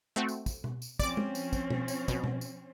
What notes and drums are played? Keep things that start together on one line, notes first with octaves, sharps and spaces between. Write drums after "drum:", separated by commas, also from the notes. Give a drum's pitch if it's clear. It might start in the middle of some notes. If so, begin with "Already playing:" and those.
A3 C4 F#4
drum: tambourine
drum: kick, tambourine
drum: tom B2
drum: tambourine
F3 C4 C#4 D5 D6, drum: kick, tambourine
drum: tom G#3
drum: tambourine
drum: kick, tambourine
drum: tom B2
drum: tambourine
B2, drum: kick, tambourine
drum: tom B2
drum: tambourine